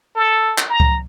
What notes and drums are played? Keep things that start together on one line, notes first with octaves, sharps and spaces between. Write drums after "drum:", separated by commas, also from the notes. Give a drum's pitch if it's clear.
A4
drum: clap
A#5
drum: kick C#2